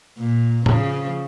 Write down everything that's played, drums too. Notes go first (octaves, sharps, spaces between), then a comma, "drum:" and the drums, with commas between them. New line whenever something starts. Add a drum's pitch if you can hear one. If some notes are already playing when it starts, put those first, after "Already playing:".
A#2
C#3 F3, drum: tom A2